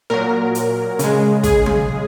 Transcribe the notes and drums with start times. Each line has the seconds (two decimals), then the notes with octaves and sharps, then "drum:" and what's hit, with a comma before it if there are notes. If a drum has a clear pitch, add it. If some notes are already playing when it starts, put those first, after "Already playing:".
0.10 A#2 F#3 A#4
0.55 drum: hi-hat
0.99 C#3 G#3, drum: hi-hat
1.43 G#4, drum: kick, hi-hat
1.66 drum: tom F#3